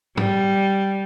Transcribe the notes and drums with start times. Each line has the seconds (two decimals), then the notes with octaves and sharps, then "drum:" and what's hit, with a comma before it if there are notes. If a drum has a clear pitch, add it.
0.17 G3, drum: tom G#2